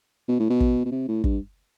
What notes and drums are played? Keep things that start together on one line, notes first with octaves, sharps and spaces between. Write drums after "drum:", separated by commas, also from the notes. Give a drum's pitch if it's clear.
B2
A2
B2
drum: kick
B2
C3
A2
G2, drum: kick